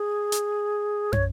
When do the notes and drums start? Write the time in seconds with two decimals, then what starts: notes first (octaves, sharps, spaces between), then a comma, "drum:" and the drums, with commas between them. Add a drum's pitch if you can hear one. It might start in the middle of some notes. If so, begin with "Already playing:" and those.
Already playing: G#4
0.32 drum: hi-hat
1.13 C#5, drum: tom